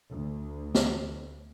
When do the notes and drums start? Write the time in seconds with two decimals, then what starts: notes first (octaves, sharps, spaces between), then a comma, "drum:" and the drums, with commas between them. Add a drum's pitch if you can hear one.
0.12 D2
0.75 drum: snare